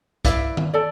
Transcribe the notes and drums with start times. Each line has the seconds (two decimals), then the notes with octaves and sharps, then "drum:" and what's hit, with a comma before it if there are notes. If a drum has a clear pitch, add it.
0.25 E4 B4 D5 F5, drum: kick, hi-hat
0.57 drum: tom D#3
0.74 A4 D5 A5